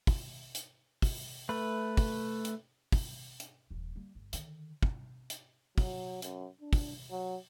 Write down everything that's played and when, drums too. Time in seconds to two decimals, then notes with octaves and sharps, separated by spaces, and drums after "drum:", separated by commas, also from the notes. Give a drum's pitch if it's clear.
0.07 drum: kick, open hi-hat
0.55 drum: hi-hat
1.02 drum: kick, open hi-hat
1.49 A3 B4
1.97 drum: kick, open hi-hat
2.45 drum: hi-hat
2.92 drum: kick, open hi-hat
3.40 drum: hi-hat
3.71 D#1 E3
3.96 G3 A#3
4.15 G1
4.33 D3 D#3, drum: hi-hat
4.83 drum: kick
5.30 drum: hi-hat
5.78 F#3, drum: kick, open hi-hat
6.22 F#2, drum: hi-hat
6.61 D4
6.73 drum: kick, open hi-hat
7.11 F#3